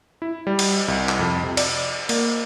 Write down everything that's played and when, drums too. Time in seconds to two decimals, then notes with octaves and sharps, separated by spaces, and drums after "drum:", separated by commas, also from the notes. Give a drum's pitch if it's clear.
0.22 E4
0.47 G3
0.59 drum: cymbal
0.88 C2
1.09 drum: clap
1.19 F2
1.43 C3
1.57 D5, drum: cymbal
2.09 A#3, drum: cymbal